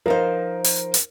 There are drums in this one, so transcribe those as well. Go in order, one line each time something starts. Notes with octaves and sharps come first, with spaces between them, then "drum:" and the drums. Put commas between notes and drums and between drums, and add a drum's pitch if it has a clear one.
F3 D#4 A#4 C5 F5
drum: open hi-hat
drum: hi-hat